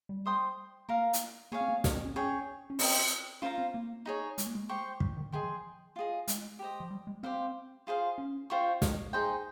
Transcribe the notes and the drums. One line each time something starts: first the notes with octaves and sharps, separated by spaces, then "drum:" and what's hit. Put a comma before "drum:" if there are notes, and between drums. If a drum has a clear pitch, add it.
G3
C5 G5 C6 D#6
A#3 A#4 F5 A#5
drum: hi-hat
A#3 G#4 C#5 F5 G#5
C4
A#3
A#3, drum: snare
C4
C#4
C#4 G#4 C#5 G5
C#4
C4 C5 D#5 G5, drum: open hi-hat
C#4 F4 C5 F5 A#5
C4
A#3
D#4 G#4 C#5
G#3, drum: hi-hat
A#3
G#3
G4 C5 G5 C#6
G3, drum: kick
D#3
D#3 G#4 D#5 G5 C6
F3
F4 G#4 D#5
G#3, drum: hi-hat
G4 C5 D#5
F3
G3
G#3
C4 G4 C5 F5
F4 G#4 C5 F5
C#4
F4 C5 G5 C#6
G#3, drum: snare
D#4 G#4 C5 G5